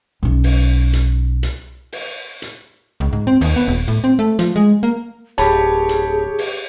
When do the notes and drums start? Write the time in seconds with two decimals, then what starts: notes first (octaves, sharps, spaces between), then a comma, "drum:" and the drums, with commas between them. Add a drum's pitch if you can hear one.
0.23 B1 C#4
0.44 drum: open hi-hat
0.93 drum: hi-hat
1.43 drum: hi-hat
1.92 drum: open hi-hat
2.42 drum: hi-hat
3.00 C#2
3.13 G#2
3.27 C4
3.41 D#2, drum: open hi-hat
3.56 B3
3.68 D#1
3.88 A2
4.04 C4
4.19 A3
4.39 F3, drum: hi-hat
4.56 G#3
4.83 A#3
5.38 D1 G4 G#4 C#5 A5 B5, drum: hi-hat
5.89 drum: hi-hat
6.39 drum: open hi-hat